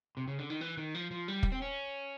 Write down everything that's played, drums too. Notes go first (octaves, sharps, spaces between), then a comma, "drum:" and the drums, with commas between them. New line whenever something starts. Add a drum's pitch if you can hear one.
C3
C#3
D3
D#3
E3
D#3
F3
F3
G3
drum: kick
C4
C#4